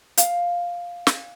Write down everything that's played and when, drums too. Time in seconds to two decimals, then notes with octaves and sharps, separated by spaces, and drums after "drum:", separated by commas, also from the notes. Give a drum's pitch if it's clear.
0.17 F5, drum: hi-hat
1.07 drum: snare